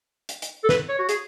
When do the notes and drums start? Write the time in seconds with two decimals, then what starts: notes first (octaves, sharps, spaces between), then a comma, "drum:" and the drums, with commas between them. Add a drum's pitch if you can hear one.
0.29 drum: hi-hat
0.42 drum: hi-hat
0.64 A4
0.69 B4, drum: snare
0.89 C#5
0.99 F#4
1.09 G#4, drum: hi-hat